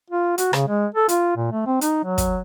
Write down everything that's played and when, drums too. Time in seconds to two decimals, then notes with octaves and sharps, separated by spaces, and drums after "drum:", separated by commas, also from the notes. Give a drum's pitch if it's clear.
0.10 F4
0.38 F#4, drum: hi-hat
0.53 C#3, drum: rim click
0.68 G#3
0.95 A4
1.09 F4, drum: hi-hat
1.36 A#2
1.52 A3
1.66 C4
1.81 D#4, drum: hi-hat
2.04 F#3
2.18 drum: kick, hi-hat